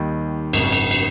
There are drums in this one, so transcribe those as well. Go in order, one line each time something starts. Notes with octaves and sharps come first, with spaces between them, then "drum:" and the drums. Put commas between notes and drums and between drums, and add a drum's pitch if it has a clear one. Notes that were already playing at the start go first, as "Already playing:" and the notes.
Already playing: D#2 D#3 G3
G#1 F#2 C#3, drum: cymbal
drum: cymbal
drum: cymbal